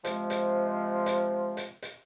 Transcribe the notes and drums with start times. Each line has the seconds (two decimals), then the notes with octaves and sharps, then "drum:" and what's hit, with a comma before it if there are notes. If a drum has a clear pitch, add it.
0.05 C3 F3 G#3, drum: hi-hat
0.30 drum: hi-hat
1.06 drum: hi-hat
1.57 drum: hi-hat
1.82 drum: hi-hat